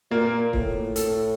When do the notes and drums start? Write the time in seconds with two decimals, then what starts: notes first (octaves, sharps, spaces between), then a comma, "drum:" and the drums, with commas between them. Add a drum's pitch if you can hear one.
0.11 A#2 A#3
0.53 A2, drum: kick
0.96 A4, drum: hi-hat